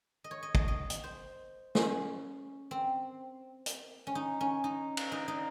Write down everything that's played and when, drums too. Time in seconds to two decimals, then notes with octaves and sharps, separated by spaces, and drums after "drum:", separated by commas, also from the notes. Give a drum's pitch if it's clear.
0.24 D#5
0.31 C#5
0.43 D#5
0.55 D#5, drum: kick
0.68 D#5
0.90 drum: hi-hat
1.04 C5
1.75 C#4, drum: snare
2.71 C4
3.66 drum: hi-hat
4.07 C#4
4.15 D#4
4.41 C#4
4.64 D#4
4.97 drum: cymbal
5.12 D#4
5.28 D#4